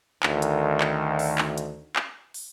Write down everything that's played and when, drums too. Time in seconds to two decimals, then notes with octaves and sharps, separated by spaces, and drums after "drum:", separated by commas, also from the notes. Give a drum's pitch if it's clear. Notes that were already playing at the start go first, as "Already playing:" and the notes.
0.23 D2 D#3, drum: clap
0.42 drum: hi-hat
0.81 drum: clap
1.19 drum: open hi-hat
1.38 drum: clap
1.58 drum: hi-hat
1.96 drum: clap
2.34 drum: open hi-hat